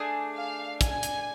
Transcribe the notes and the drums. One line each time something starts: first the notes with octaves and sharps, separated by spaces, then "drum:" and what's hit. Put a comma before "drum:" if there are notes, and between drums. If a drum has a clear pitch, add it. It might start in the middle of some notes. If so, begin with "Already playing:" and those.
Already playing: A3 D4 G#4
F5
G#5, drum: kick, hi-hat
drum: hi-hat